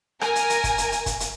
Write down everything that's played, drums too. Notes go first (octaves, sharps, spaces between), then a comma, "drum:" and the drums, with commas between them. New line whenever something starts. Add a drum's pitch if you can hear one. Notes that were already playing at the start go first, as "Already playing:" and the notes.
A#4 G#5, drum: rim click
drum: hi-hat
drum: hi-hat
drum: kick, hi-hat
drum: hi-hat
drum: hi-hat
drum: kick, hi-hat
drum: hi-hat